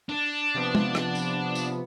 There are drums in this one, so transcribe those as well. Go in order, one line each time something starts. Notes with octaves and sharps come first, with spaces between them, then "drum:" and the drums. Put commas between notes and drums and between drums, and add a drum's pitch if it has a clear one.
D4
C3 F3 B3
drum: tom
drum: rim click
drum: tambourine
drum: tambourine